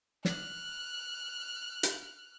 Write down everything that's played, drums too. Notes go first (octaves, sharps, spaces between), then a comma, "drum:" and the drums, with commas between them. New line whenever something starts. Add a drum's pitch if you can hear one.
F6 F#6, drum: snare
drum: hi-hat